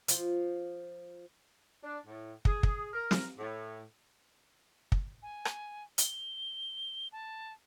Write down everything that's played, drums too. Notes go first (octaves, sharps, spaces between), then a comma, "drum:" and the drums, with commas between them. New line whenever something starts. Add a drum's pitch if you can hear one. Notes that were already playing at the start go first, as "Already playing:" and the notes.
F3 F4, drum: hi-hat
D4
A2
G#4, drum: kick
drum: kick
A#4
drum: snare
A2
drum: kick
G#5
drum: rim click
G7, drum: hi-hat
A5